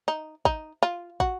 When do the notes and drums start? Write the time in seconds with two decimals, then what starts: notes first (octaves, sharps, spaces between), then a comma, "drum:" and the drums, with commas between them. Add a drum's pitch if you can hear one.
0.08 D#4
0.45 D#4, drum: kick
0.83 F4
1.20 F#4, drum: kick